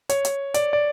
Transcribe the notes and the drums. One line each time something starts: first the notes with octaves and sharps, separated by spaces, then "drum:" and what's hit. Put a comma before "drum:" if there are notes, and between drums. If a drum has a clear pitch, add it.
C#5, drum: hi-hat
drum: hi-hat
D5, drum: hi-hat
D5